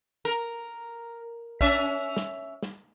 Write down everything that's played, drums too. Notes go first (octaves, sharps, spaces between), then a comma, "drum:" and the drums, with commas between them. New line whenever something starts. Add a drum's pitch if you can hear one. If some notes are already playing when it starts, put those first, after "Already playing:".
A#4, drum: hi-hat
C#4 E5, drum: kick
drum: snare
drum: snare